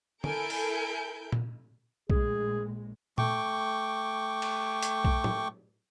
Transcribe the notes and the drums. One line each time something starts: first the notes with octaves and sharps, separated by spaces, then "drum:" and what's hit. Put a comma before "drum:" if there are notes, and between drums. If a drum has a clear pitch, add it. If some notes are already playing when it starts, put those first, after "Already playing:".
E4 A4 A#4 G#5 G6 D7, drum: tom
drum: open hi-hat
drum: tom A#2
A#1 A2 G#3 G#4, drum: kick B1
A3 G5 C#6 D6, drum: tom A#2
drum: cymbal
drum: hi-hat
drum: kick B1
drum: tom